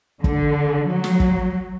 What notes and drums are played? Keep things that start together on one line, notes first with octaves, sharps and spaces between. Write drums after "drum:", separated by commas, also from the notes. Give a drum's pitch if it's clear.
D3, drum: kick
F#3
drum: snare
drum: kick